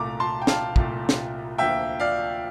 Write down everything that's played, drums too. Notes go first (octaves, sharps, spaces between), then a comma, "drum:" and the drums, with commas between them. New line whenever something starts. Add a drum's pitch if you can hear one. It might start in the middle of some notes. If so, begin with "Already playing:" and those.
Already playing: C2 A#2 A3 A#5 D6
A5 C6
G5
F5 A5, drum: snare
C2 A#2 A3, drum: kick
drum: snare
D2 D3 F3 A#3 E5 G5
D5 F5